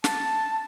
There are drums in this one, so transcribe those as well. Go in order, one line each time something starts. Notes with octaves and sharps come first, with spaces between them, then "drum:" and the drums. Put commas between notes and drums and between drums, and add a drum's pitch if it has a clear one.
A5, drum: snare